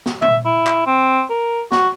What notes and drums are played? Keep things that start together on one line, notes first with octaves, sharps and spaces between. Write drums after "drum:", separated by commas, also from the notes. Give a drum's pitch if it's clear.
drum: snare
E5, drum: tom A#2
E4
drum: clap
C4
A#4
F#4, drum: snare